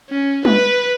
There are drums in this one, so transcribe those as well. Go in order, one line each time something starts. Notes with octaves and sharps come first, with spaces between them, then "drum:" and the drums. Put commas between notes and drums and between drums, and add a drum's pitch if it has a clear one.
C#4
B4, drum: tom G3